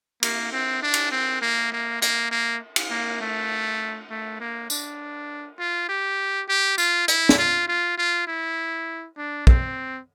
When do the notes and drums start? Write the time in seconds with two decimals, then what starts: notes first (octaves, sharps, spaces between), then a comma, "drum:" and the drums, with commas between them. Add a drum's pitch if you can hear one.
0.23 A#3, drum: cymbal
0.52 C4
0.83 D4
0.94 drum: cymbal
1.12 C4
1.42 A#3
1.72 A#3
2.02 A#3, drum: hi-hat
2.31 A#3
2.76 drum: cymbal
2.91 A#3
3.21 A3
4.10 A3
4.40 A#3
4.70 D4, drum: tambourine
5.59 F4
5.89 G4
6.49 G4
6.78 F4, drum: tambourine
7.08 E4, drum: hi-hat
7.29 drum: snare
7.38 F4
7.68 F4
7.98 F4
8.27 E4
9.17 D4
9.47 C4, drum: kick